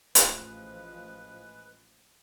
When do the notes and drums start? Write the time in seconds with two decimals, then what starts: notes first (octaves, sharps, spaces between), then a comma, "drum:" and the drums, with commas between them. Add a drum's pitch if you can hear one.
0.15 A1 F3 G#3 B4, drum: hi-hat